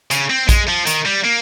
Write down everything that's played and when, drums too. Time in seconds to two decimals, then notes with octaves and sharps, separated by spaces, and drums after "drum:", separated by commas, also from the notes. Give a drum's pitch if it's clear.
0.11 C#3, drum: hi-hat
0.30 C4
0.49 G#3, drum: kick A#1, hi-hat
0.69 F3
0.87 D#3, drum: hi-hat
1.06 G3
1.25 A#3